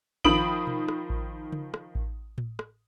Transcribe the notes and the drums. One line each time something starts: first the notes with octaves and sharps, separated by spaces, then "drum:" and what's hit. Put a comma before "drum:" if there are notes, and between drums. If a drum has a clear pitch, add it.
D#3 F3 B5 D#6 D7 F#7, drum: kick A1
drum: tom B2
drum: rim click
drum: kick A1
drum: tom C#3
drum: rim click
drum: kick A1
drum: tom A2
drum: rim click